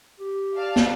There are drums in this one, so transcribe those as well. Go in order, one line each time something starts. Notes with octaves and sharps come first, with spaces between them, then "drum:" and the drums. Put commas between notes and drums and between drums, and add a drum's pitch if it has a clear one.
G4
D5 F5 A5
drum: snare